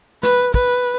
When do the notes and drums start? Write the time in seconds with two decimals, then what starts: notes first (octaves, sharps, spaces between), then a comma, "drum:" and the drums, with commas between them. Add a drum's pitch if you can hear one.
0.23 B4, drum: snare
0.54 B4, drum: kick